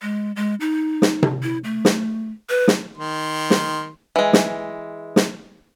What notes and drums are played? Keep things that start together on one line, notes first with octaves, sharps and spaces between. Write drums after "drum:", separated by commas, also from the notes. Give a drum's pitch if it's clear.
G#3
G#3
D#4
drum: snare
drum: tom C3
E4
A3
drum: snare
B4
drum: snare
D#3 C6
drum: snare
E3 G#3
drum: snare
drum: snare